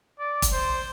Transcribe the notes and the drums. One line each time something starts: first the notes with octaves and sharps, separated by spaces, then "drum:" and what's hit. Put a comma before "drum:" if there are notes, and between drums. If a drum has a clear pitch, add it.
D5
drum: kick F1, hi-hat
C5